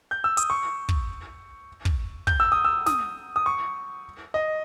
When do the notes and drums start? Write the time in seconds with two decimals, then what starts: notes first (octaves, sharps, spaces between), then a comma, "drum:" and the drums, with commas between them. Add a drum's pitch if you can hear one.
0.11 G6
0.24 E6
0.37 D#6, drum: hi-hat
0.50 C#6
0.89 drum: kick
1.85 drum: kick
2.27 G6, drum: kick
2.40 E6
2.52 D#6
2.65 E6
2.86 D#6, drum: snare
3.36 D#6
3.46 C#6
4.34 D#5